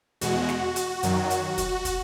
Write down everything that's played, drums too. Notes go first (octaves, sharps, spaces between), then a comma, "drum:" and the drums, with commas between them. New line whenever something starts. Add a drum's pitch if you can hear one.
E2 B2 G#3 F#4, drum: hi-hat
drum: snare
drum: hi-hat
F#2 D#3 F#3, drum: hi-hat
drum: hi-hat
drum: kick, hi-hat
drum: kick, hi-hat